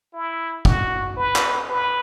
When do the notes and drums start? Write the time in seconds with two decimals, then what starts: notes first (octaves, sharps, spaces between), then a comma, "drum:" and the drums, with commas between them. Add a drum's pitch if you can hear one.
0.13 E4
0.65 F#4, drum: kick
1.16 B4
1.36 drum: clap
1.68 B4